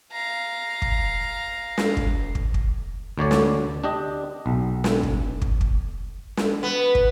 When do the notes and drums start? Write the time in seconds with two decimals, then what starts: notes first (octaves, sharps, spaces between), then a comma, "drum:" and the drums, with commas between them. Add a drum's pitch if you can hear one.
0.12 F5 A#5
0.82 drum: kick
1.78 drum: snare
1.97 drum: kick
2.35 drum: kick
2.54 drum: kick
3.18 D2 D3 C#5 D5
3.31 drum: snare
3.84 D4 G4 D#5
4.46 B1
4.84 drum: snare
5.03 drum: kick
5.42 drum: kick
5.61 drum: kick
6.37 drum: snare
6.63 B3
6.95 drum: kick